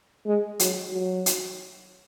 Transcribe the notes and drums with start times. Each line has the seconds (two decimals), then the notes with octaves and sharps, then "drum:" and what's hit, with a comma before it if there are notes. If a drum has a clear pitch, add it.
0.26 G#3
0.59 F#3, drum: hi-hat
0.92 F#3
1.26 drum: hi-hat